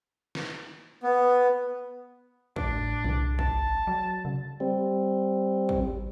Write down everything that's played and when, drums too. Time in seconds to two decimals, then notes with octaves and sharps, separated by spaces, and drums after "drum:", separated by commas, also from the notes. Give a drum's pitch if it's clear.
0.35 drum: snare
1.03 B3
2.56 A2 D4, drum: kick
3.04 C2, drum: tom
3.39 A5, drum: kick
3.87 F#3
4.25 C#3
4.60 G3 C4
5.69 drum: kick